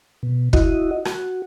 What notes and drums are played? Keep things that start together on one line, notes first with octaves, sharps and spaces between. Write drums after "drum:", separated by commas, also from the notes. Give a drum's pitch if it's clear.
B2
E4 F#4 D#5, drum: kick
F#4, drum: rim click